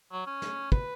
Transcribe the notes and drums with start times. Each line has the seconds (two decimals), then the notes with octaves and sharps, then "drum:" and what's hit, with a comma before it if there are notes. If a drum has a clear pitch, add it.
0.12 F#3
0.27 C#4
0.42 drum: snare
0.72 B4, drum: kick